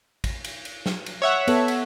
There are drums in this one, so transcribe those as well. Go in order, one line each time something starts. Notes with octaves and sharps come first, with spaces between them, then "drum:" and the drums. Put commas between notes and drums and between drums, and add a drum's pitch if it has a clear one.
drum: kick, cymbal
drum: cymbal
drum: cymbal
drum: snare
drum: cymbal
C#5 E5 F#5
B3 A4, drum: cymbal
drum: cymbal